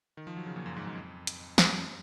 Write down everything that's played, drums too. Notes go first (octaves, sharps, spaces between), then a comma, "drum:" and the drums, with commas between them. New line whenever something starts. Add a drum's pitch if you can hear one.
D#3
F3
F#3
C#3
A#2
F#2
G#2
F#2
F2
drum: hi-hat
drum: snare
F#2